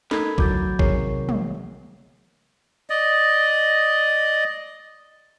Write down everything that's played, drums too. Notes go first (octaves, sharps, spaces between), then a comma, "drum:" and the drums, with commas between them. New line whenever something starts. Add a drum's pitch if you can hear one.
D#4 A4 A#4 B5 G#6, drum: snare
D2 C#3 E3 F#3 D6 G6 A6, drum: kick A1
C3 D#3 G#4 A#4 C#5 C7, drum: kick A1
drum: tom
D5 D#5